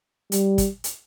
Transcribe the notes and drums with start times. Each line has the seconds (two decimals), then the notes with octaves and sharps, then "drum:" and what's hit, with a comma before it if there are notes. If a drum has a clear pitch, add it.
0.32 G3, drum: hi-hat
0.58 drum: kick, hi-hat
0.84 drum: hi-hat